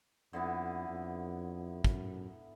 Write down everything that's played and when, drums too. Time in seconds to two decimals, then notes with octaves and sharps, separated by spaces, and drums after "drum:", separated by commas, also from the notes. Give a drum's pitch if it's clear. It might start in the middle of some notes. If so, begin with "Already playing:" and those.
0.33 F2 D3 E3 B3
0.89 F2
1.84 F#2, drum: kick